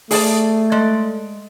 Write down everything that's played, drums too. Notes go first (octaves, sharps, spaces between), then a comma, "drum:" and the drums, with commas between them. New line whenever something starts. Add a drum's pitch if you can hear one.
A3 G#4 D5 A5, drum: open hi-hat
G#3 D5